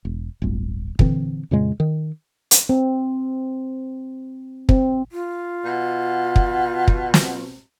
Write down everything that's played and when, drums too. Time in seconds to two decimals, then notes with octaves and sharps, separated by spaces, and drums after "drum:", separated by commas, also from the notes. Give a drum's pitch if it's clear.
0.05 E1
0.42 D1 G1
0.99 A#2 D3 E3 C4, drum: kick
1.51 F2 A#2 C#3 G#3
1.80 D#3
2.51 drum: hi-hat
2.69 C4
4.69 C4, drum: kick
5.12 F4
5.65 B2
6.36 drum: kick
6.88 drum: kick
7.14 drum: snare